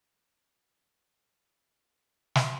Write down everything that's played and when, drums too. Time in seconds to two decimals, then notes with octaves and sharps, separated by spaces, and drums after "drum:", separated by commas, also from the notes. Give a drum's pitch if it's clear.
0.04 D#3
0.42 D#3
0.80 F#2
2.35 drum: snare